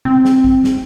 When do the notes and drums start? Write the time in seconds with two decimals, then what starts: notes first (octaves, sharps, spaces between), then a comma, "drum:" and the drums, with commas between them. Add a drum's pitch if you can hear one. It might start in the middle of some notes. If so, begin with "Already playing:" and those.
0.05 C4, drum: tom C3
0.25 drum: snare
0.44 drum: kick
0.64 drum: snare